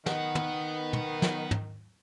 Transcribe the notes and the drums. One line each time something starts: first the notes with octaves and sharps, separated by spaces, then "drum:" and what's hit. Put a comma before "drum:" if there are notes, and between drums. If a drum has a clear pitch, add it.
D#3 B3 F#5, drum: snare
drum: tom
drum: tom
drum: snare
drum: tom